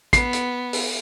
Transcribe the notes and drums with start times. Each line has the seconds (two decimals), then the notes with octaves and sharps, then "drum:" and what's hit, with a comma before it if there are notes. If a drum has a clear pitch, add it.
0.13 B3 C7, drum: kick, hi-hat
0.33 drum: hi-hat
0.73 drum: open hi-hat